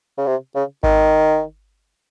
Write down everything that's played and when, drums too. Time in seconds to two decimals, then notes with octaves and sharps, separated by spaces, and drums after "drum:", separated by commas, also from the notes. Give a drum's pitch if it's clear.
0.18 C#3
0.27 C3
0.55 C#3
0.84 D#3, drum: kick G#1